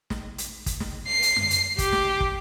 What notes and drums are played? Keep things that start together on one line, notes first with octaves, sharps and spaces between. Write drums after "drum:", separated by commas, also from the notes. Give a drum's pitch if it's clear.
drum: snare
drum: hi-hat
drum: kick, hi-hat
drum: snare
C7
drum: hi-hat
drum: tom F#2
drum: hi-hat
G4, drum: kick, hi-hat
drum: snare
drum: kick